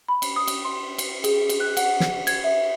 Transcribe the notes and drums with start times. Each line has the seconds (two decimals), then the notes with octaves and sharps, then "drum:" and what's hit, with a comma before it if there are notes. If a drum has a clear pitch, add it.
0.08 B5
0.22 drum: cymbal
0.36 D#6
0.48 drum: cymbal
0.65 C6
0.98 drum: cymbal
1.24 G#4, drum: cymbal
1.49 drum: cymbal
1.60 F#6
1.77 F#5, drum: cymbal
2.00 drum: snare
2.27 G#6, drum: cymbal
2.44 E5